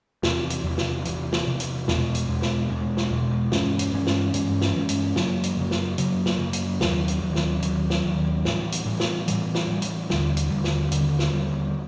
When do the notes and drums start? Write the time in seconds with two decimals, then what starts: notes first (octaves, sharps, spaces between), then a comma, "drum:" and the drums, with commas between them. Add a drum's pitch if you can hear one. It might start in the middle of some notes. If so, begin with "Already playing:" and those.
0.23 E2 C3 E3, drum: snare
0.50 drum: hi-hat
0.64 E2 C3 E3
0.78 drum: snare
1.05 E2 C3 E3, drum: hi-hat
1.32 drum: snare
1.46 E2 C3 E3
1.60 drum: hi-hat
1.88 E2 B2 G#3, drum: snare
2.15 drum: hi-hat
2.28 E2 B2 G#3
2.42 drum: snare
2.69 E2 B2 G#3
2.97 drum: snare
3.10 E2 B2 G#3
3.52 G2 E3 G#3 C#4, drum: snare
3.79 drum: hi-hat
3.92 G2 E3 G#3 C#4
4.07 drum: snare
4.34 G2 E3 G#3 C#4, drum: hi-hat
4.61 drum: snare
4.75 G2 E3 G#3 C#4
4.89 drum: hi-hat
5.16 F#2 C#3 F#3 A#3, drum: snare
5.44 drum: hi-hat
5.57 F#2 C#3 F#3 A#3
5.71 drum: snare
5.98 F#2 C#3 F#3 A#3, drum: hi-hat
6.26 drum: snare
6.39 F#2 C#3 F#3 A#3
6.53 drum: hi-hat
6.81 D#2 D#3 F#3, drum: snare
7.08 drum: hi-hat
7.22 D#2 D#3 F#3
7.35 drum: snare
7.63 D#2 D#3 F#3, drum: hi-hat
7.90 drum: snare
8.04 D#2 D#3 F#3
8.45 A2 E3 G3, drum: snare
8.72 drum: hi-hat
8.86 A2 E3 G3
9.00 drum: snare
9.28 A2 E3 G3, drum: hi-hat
9.55 drum: snare
9.68 A2 E3 G3
9.82 drum: hi-hat
10.10 D#2 D3 G3, drum: snare
10.37 drum: hi-hat
10.50 D#2 D3 G3
10.64 drum: snare
10.92 D#2 D3 G3, drum: hi-hat
11.19 drum: snare
11.32 D#2 D3 G3